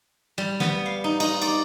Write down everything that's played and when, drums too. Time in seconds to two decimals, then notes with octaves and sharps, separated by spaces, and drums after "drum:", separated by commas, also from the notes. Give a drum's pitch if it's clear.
0.38 G3
0.60 B3, drum: snare
0.86 F5
1.04 D#4
1.20 D#4, drum: cymbal
1.42 D5, drum: cymbal